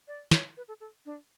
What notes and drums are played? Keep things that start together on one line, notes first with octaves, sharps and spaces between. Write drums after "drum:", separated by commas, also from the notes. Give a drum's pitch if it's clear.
D5
C#5, drum: snare
B4
A4
A4
D4